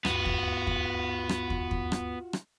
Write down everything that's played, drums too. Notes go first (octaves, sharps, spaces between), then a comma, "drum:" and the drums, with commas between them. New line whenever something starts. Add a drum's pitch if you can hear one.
D2 G2 B3 F4 F#4, drum: rim click
drum: kick
drum: kick
drum: rim click
drum: kick
drum: kick
drum: rim click
drum: rim click